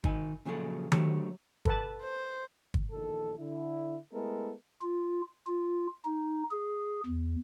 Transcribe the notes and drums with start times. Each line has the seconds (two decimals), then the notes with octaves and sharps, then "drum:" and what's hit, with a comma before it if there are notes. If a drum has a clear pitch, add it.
0.04 D#3 D#4 G#5, drum: kick
0.45 A#2 C#3 F3 F#3 G#4 A4
0.92 D3 F#3 A3 G4 C5 C#5, drum: tom D#3
1.65 A4 B4 A5, drum: kick
2.02 C5
2.74 drum: kick
2.92 A#1 E2 D#3 A4
3.39 D3 E4
4.13 G#3 A3 B3 E4 A4 A#4
4.82 F4
5.47 F4
6.05 D#4
6.51 G#4
7.06 E2